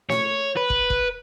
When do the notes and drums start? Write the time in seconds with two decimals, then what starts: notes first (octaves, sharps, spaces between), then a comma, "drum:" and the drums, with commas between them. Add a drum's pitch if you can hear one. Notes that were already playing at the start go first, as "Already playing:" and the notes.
0.09 C#5, drum: snare
0.57 B4
0.70 drum: kick
0.90 drum: kick